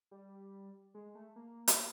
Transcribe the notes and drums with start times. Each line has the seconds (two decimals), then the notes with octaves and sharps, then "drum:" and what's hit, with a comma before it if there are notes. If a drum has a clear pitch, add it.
0.11 G3
0.94 G#3
1.15 A3
1.36 A#3
1.68 drum: hi-hat